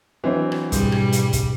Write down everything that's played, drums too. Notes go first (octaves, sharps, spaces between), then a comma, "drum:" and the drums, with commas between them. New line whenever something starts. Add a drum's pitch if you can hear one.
E3 F#3 C4 D4 D#5
drum: rim click
G#2 B2 G3 G6, drum: kick, hi-hat
drum: rim click
drum: hi-hat
drum: kick, hi-hat